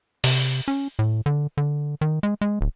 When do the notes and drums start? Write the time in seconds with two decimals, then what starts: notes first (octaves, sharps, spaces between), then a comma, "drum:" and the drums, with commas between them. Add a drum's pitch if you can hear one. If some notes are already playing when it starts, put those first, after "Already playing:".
0.24 C3, drum: open hi-hat
0.68 C#4
0.99 A2
1.26 D3
1.57 D3
2.01 D#3
2.23 G#3
2.41 G#3
2.61 D1